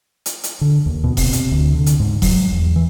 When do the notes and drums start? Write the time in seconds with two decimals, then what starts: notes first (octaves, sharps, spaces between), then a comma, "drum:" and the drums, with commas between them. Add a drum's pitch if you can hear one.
0.26 drum: hi-hat
0.43 drum: hi-hat
0.61 D3
0.86 D#2
1.04 B2
1.17 C3, drum: kick E1, open hi-hat
1.33 drum: hi-hat
1.51 D2
1.74 D3
1.86 drum: hi-hat
2.00 G#2
2.22 F#3, drum: kick E1, open hi-hat
2.52 E2
2.76 E3